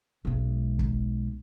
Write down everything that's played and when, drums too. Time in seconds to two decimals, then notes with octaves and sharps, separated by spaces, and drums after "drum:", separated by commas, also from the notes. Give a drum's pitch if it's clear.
0.25 B1 G#3
0.79 drum: kick